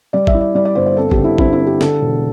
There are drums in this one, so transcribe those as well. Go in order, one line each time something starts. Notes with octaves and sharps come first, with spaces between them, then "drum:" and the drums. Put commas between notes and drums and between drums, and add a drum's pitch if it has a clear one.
G3 D5
E5, drum: kick
E4
D5
G3 D5
D5
G1 C5
C5
C4 A4
G4, drum: kick
D3
E4
C4 E4, drum: kick
E4
C4
G4
D3 A4, drum: snare
E1